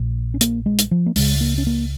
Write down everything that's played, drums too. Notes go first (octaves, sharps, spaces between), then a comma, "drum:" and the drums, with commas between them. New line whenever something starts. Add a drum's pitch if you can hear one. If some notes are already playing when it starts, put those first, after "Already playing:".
Already playing: A#1 A#2
C#4
A#3, drum: hi-hat
G#3
drum: hi-hat
F3
A#3
C#2 C#3 G#3, drum: open hi-hat
A#3
C#4
A#3